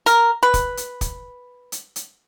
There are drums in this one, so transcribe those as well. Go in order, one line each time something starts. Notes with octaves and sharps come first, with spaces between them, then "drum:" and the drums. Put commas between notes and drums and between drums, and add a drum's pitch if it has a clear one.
A#4, drum: hi-hat
B4
drum: kick, hi-hat
drum: hi-hat
drum: kick, hi-hat
drum: hi-hat
drum: hi-hat